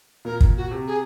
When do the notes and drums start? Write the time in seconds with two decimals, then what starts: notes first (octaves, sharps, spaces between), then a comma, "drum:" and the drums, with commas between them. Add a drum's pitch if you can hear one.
0.25 A#2 A#4
0.41 drum: kick
0.56 F#4
0.71 C3
0.87 G#4